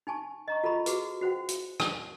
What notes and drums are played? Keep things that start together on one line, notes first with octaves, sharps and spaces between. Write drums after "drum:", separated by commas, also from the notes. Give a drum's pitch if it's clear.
D#4 G#5 A5 C#6
D#5 A#5 C#6
F4 A4 D#5 A#5 B5 C#6
F#4 G#4 B4, drum: hi-hat
F#4 C5 F#5 G5
drum: hi-hat
drum: rim click